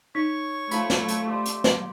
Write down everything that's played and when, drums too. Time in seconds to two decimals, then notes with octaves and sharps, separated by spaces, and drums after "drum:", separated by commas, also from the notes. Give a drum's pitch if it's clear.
0.15 D#4 C#5 C#6
0.71 F3 A3 B4 B5, drum: hi-hat
0.90 drum: snare
1.08 drum: hi-hat
1.27 G4 C5 D5
1.46 drum: hi-hat
1.64 drum: snare